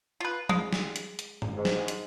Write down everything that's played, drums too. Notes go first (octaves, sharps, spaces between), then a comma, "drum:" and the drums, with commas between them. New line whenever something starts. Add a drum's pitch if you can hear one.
F4 B4
G#3, drum: tom F3
drum: snare
drum: hi-hat
drum: hi-hat
drum: tom G2
G#2
drum: snare
drum: hi-hat